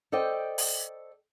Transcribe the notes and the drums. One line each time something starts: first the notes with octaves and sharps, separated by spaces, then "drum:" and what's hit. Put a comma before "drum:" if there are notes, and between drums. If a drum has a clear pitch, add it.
A4 C5 D5 D#5 G5
drum: open hi-hat